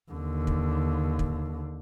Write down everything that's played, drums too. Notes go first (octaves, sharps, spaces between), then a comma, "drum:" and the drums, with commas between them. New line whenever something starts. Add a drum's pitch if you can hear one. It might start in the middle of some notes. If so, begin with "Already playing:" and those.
D#2 D3
drum: kick
drum: kick